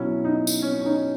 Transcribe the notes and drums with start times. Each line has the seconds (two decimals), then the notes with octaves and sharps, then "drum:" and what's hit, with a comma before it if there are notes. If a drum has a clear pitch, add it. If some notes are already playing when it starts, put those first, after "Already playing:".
Already playing: B2 F#3 C#4 E4
0.25 D#4
0.47 drum: tambourine
0.62 C#4
0.81 C#4
0.86 D#4